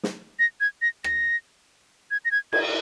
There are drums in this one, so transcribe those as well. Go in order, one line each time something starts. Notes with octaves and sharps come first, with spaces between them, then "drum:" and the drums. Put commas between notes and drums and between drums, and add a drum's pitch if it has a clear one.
drum: snare
A#6
G#6
A#6
A#6, drum: rim click
G#6
A#6
G#6
G#6, drum: cymbal